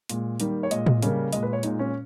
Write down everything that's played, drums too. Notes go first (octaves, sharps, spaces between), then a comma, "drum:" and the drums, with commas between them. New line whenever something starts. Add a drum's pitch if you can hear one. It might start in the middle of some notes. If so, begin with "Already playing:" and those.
A#2 G#3, drum: hi-hat
D#3 G3 A#3, drum: hi-hat
C#5
A#2 G#3 D#5, drum: hi-hat
drum: tom A2
C#3 G3 A#3, drum: hi-hat
A#2 G#3 D#5, drum: hi-hat
B4
C#5
A#2 G#3 D#4, drum: hi-hat
C#4